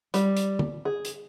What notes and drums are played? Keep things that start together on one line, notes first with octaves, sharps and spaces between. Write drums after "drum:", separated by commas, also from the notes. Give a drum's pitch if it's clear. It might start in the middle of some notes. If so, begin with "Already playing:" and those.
G3, drum: hi-hat
drum: hi-hat
drum: tom
G#4
drum: hi-hat